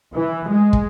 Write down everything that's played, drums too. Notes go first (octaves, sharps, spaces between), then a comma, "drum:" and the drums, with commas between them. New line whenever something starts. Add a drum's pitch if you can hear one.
E3
G#3
drum: kick